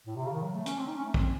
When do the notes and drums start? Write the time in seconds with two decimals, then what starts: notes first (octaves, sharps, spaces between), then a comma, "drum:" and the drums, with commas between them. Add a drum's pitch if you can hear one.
0.07 A2
0.16 C3
0.25 C#3
0.33 D#3
0.42 F#3
0.55 A3
0.66 C#4, drum: hi-hat
0.79 C4
0.87 D#4
0.96 C#4
1.05 A3
1.14 C4, drum: kick